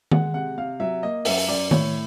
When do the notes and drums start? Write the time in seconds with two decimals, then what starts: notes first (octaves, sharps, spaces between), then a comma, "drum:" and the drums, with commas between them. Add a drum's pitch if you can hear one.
0.11 G#3 F#5, drum: tom D#3
0.34 C3 F#5
0.58 C3 F5
0.80 F#3 E5
1.03 A#3 D#5
1.25 F#2 E5, drum: open hi-hat
1.48 F#2 D5
1.71 A2 C#5, drum: tom D#3